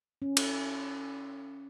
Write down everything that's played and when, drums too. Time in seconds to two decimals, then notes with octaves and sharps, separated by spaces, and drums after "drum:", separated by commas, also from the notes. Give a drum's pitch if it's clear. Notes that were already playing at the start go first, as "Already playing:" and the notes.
0.22 C#4
0.37 drum: cymbal